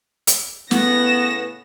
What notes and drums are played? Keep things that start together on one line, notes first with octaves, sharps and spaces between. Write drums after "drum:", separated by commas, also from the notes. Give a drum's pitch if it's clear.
drum: hi-hat
A2 C#3 B3 A#6 E7, drum: snare